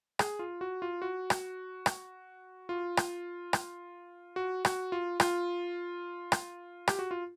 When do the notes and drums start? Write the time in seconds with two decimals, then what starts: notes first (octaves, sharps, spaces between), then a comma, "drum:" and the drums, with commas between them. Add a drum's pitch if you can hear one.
0.19 G#4, drum: rim click
0.39 F4
0.61 F#4
0.82 F4
1.02 F#4
1.30 drum: rim click
1.86 drum: rim click
2.69 F4
2.97 drum: rim click
3.53 drum: rim click
4.36 F#4
4.65 F#4, drum: rim click
4.92 F4
5.20 F4, drum: rim click
6.32 drum: rim click
6.88 G4, drum: rim click
6.99 F#4
7.11 F4